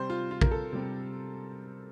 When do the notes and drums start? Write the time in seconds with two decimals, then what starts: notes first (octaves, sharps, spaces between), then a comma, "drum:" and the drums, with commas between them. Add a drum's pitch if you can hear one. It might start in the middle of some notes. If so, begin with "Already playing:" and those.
Already playing: C3 G3 C4 C5
0.10 F4
0.31 F4
0.41 A#4, drum: kick A#1
0.51 A4
0.72 C3 G3 C4